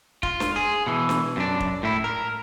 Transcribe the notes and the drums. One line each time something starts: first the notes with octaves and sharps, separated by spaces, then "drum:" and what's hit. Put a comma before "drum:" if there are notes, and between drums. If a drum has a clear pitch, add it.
F4, drum: kick
drum: snare
G#4
B2 E3
drum: snare
F#2 D4
drum: kick
A2 E4
A#4